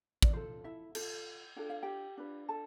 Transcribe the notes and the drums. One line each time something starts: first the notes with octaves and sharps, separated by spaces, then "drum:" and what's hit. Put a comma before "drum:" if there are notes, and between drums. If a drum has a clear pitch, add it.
D5, drum: kick
F4 A4 C5
E4 E5
F4 A4, drum: cymbal
D4 F4 A4 G5
F5
G4 G5
D4 F4 B4
A4 A5